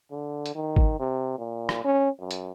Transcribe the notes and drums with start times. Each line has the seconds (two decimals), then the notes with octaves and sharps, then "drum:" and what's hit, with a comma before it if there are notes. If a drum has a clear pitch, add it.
0.11 D3
0.46 drum: hi-hat
0.55 D#3
0.76 drum: kick G#1
0.99 C3
1.38 A#2
1.69 drum: rim click
1.84 C#4
2.20 F#2
2.31 drum: hi-hat